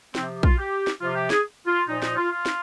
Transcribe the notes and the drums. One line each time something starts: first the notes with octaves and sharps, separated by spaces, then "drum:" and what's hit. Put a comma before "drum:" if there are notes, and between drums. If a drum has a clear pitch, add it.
C3 F3 C4, drum: snare
F4, drum: kick A#1
G4
drum: snare
C3 F3 F4
G4
G#4, drum: snare
F4
A#2 F3 D#4
D#4, drum: snare
F4
F4
drum: snare